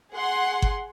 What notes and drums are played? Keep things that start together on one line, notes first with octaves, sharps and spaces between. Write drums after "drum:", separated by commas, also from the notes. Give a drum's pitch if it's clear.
G#4 F#5 C6
drum: kick G1